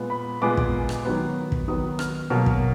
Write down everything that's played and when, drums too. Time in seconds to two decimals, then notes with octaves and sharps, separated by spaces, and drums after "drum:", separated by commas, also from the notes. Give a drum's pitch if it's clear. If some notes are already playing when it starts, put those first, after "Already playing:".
Already playing: A#2 G#3 B3
0.10 B5
0.42 A#2 G#3 B3 D6
0.57 drum: kick
0.89 drum: rim click
1.05 D#3 F#3 B3
1.52 drum: kick
1.68 D#3 F#3 B3 D#6
1.99 F6, drum: rim click
2.30 B2 F#3 A#3 F6
2.46 drum: kick